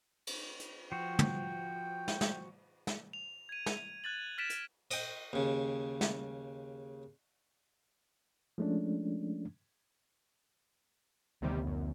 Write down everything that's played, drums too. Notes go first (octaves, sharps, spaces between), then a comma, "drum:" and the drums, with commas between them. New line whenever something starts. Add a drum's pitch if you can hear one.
drum: cymbal
drum: hi-hat
F3 F#4 G5
drum: tom
drum: snare
drum: snare
drum: snare
F7
G#6 D#7
drum: snare
F#6 G#6 A6 F#7
F6 A6 B6 D7 E7
drum: hi-hat
D#5 G5, drum: cymbal
D#2 C#3
drum: snare
F3 G#3 A3 C#4 D4
D2 C3 D#3 G3 B3
F#2